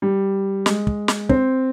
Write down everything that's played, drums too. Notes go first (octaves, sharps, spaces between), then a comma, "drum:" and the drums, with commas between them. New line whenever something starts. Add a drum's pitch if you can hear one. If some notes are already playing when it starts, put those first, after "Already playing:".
G3
G#3, drum: snare
drum: kick
drum: snare
C4, drum: kick